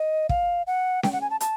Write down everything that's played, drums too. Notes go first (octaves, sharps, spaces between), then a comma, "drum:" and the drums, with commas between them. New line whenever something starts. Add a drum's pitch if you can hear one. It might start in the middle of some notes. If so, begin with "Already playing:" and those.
Already playing: D#5
F5, drum: kick
F#5
G5, drum: snare C#4
F#5
G#5
A5
A5, drum: hi-hat